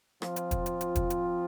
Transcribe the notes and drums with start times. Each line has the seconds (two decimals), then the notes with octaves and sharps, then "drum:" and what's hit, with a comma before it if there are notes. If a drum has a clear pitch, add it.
0.22 F3 C4 F4, drum: rim click
0.36 drum: hi-hat
0.51 drum: kick, hi-hat
0.66 drum: hi-hat
0.81 drum: hi-hat
0.95 drum: kick, hi-hat
1.10 drum: hi-hat